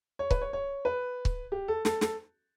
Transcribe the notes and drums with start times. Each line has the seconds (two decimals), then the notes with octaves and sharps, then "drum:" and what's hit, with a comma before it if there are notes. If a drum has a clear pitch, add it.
0.19 C#5
0.31 B4, drum: kick C#1
0.41 C#5
0.53 C#5
0.85 B4
1.25 drum: kick C#1
1.52 G4
1.68 A4
1.85 A4, drum: snare
2.01 A4, drum: snare